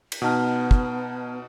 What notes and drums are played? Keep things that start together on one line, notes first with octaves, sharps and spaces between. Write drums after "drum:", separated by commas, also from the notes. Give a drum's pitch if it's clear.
drum: cymbal
B2 B3 D#4 F#5 A5 F6
drum: kick